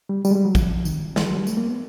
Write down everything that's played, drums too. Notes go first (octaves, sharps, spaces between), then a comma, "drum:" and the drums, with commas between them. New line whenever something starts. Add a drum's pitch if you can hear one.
G3
G3, drum: tambourine
G#3
G3
F#3
F3, drum: kick, tambourine
D#3, drum: tambourine
E3, drum: snare
F#3
G3
A3, drum: tambourine
A#3
B3